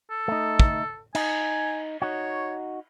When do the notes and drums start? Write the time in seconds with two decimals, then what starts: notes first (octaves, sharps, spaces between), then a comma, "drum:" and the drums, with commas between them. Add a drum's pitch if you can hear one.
0.11 A4
0.28 A3 D#4
0.60 drum: kick
1.15 D#4 G#5, drum: cymbal
2.02 D#4 F#4 C#5